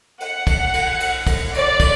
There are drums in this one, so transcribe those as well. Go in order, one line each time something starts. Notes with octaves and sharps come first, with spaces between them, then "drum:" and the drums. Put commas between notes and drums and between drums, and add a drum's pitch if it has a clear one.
F#5, drum: cymbal
drum: kick, cymbal
drum: cymbal
drum: cymbal
drum: kick, cymbal
D5, drum: cymbal
drum: kick, cymbal